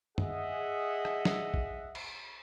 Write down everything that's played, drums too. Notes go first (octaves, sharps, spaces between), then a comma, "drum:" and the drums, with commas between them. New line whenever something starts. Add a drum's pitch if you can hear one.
G#4 D#5 E5 F#5, drum: tom
drum: rim click
drum: snare
drum: kick
drum: cymbal